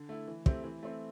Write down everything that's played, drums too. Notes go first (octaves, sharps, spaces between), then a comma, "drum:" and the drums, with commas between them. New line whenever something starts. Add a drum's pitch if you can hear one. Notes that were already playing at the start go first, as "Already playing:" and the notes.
Already playing: D3
A3 E4
E3
A3 C4 G4, drum: kick
E3
A3 C4